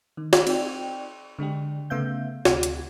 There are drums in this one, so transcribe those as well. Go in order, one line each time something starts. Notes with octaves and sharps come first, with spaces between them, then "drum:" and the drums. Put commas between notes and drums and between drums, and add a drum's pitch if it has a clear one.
D#3
drum: snare
C4 D#4 D5 G5, drum: cymbal
D3 G#3 D4 G4
C#3 A3 B3 E5 F5 G6
D2 C3, drum: snare
drum: hi-hat